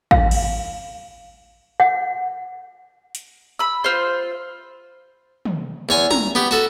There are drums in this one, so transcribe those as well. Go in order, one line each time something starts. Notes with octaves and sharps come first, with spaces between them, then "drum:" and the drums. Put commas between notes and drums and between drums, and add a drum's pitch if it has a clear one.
F5, drum: kick
drum: cymbal
F#5
drum: hi-hat
B5 E6
F4 C5
drum: tom
E2 C#5 G#5
A#5, drum: tom
B3 G4
F#4 A4